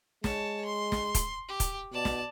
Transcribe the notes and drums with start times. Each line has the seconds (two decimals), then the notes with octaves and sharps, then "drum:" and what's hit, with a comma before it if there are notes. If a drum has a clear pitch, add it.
0.24 G#3 C#5 A5, drum: snare
0.65 C6
0.92 drum: snare
1.15 drum: kick, hi-hat
1.49 G4
1.60 drum: kick, hi-hat
1.93 B2 D5 A5
2.05 drum: snare